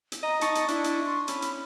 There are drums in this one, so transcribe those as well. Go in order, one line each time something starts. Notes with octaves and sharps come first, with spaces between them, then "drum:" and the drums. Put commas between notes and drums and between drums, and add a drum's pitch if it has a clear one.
drum: hi-hat
D#5 A#5
D#4 A5 C#6 A6, drum: hi-hat
drum: hi-hat
D4 E4, drum: hi-hat
drum: hi-hat
C6
C#4 B5, drum: hi-hat
drum: hi-hat